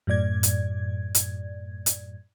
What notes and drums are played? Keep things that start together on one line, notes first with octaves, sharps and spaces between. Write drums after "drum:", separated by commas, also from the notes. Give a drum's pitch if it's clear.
F#2 A2 D5 G#6
drum: hi-hat
drum: hi-hat
drum: hi-hat